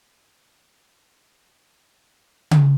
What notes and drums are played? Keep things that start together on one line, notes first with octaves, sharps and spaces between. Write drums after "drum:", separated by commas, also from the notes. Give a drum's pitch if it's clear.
C#5
C5
B4
A#4
drum: tom C#3